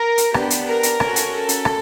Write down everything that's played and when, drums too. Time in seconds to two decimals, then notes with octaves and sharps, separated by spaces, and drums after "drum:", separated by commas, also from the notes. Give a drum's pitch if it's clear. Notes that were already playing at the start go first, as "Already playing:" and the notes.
Already playing: A#4
0.18 drum: hi-hat
0.34 B3 D4 G4, drum: rim click
0.50 drum: hi-hat
0.66 A#4
0.83 drum: hi-hat
1.00 C#4 F#4 A4, drum: rim click
1.16 drum: hi-hat
1.32 A4
1.49 drum: hi-hat
1.65 drum: rim click